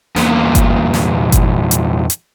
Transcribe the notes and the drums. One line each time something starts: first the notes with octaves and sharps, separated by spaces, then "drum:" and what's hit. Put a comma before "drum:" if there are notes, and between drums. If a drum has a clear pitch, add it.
E2 A#2, drum: snare
drum: kick G1, hi-hat
drum: snare
drum: kick G1, hi-hat
drum: hi-hat
drum: hi-hat